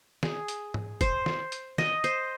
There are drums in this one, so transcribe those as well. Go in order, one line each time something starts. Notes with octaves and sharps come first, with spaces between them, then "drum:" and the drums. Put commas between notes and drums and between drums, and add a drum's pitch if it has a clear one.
G#4, drum: snare
drum: hi-hat
drum: tom G#2
C5, drum: kick, hi-hat
drum: snare
drum: hi-hat
D#5, drum: snare
C5, drum: hi-hat